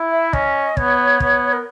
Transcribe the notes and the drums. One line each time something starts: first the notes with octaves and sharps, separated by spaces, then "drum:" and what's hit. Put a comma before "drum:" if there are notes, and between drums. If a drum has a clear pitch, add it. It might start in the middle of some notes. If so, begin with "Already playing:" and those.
Already playing: E4
E5
C#4 D#5, drum: kick
B3 C#5, drum: kick
B3, drum: kick
A#4